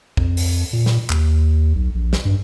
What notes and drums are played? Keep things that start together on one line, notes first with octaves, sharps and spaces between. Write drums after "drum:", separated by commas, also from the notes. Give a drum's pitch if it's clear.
F2, drum: kick
drum: open hi-hat
A#2
drum: snare
D#2, drum: clap
B1
A#1
drum: snare
G2